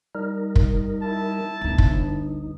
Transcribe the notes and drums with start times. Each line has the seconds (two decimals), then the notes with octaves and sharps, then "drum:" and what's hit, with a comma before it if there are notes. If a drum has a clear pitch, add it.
0.15 G3 D#4 A#4
0.56 drum: kick
1.02 E4 A5
1.61 G1 D2 D#4
1.78 drum: kick